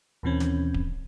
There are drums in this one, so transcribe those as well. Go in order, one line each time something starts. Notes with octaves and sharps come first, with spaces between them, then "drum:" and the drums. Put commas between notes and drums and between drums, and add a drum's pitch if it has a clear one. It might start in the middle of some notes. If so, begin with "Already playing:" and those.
D#2 B2 E3 C4 C#4
drum: snare
drum: kick D1